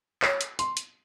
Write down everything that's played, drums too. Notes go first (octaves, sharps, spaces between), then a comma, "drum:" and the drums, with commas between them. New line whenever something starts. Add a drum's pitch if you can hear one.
C#5, drum: clap
drum: hi-hat
C6, drum: hi-hat
drum: hi-hat